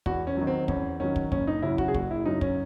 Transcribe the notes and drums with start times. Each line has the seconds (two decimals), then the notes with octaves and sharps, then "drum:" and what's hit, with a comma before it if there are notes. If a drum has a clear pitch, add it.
0.06 E2 F#4, drum: kick
0.27 C#4
0.37 D#3 F#3
0.47 C4
0.68 E2 C#4, drum: kick
1.00 D#3 F#3 C#4
1.16 drum: kick
1.32 F#1 C#4, drum: kick
1.47 D#4
1.62 F#2 C#3 F#3 E4
1.78 F#4, drum: kick
1.88 G#4
1.94 F#1 F#4, drum: kick
2.11 E4
2.25 F#2 C#3 F#3 D#4
2.41 C#4, drum: kick